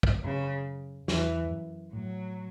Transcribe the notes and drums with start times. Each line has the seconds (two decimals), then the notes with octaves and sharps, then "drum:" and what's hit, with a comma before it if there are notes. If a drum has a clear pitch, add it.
0.03 drum: kick
0.24 F#2 C#3
1.08 E2 E3, drum: snare
1.45 E2
1.51 F#2
1.93 A2 F#3